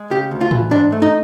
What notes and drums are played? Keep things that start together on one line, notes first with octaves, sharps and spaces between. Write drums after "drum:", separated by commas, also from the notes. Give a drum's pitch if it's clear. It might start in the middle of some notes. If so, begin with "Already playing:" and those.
Already playing: G#3
C#3 G4
D2
F4
E3, drum: tom A2
G#2 D4
A3
D#4